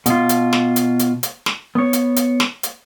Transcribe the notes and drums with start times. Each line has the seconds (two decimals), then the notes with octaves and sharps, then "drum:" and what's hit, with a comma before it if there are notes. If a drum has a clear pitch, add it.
0.06 B2 F4, drum: hi-hat
0.29 drum: hi-hat
0.53 drum: snare
0.76 drum: hi-hat
0.99 drum: hi-hat
1.23 drum: hi-hat
1.46 drum: snare
1.75 B3 C#5
1.93 drum: hi-hat
2.16 drum: hi-hat
2.40 drum: snare
2.63 drum: hi-hat